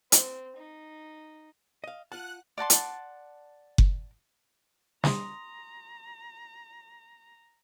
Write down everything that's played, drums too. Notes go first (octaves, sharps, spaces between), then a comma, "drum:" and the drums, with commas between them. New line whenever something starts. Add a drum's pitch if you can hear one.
C4, drum: hi-hat
D#4
D#5 F5
F4 F#5 A5 F#6
D5 F#5 A5 C6
drum: hi-hat
drum: kick F#1
A#5 C6 D#6, drum: snare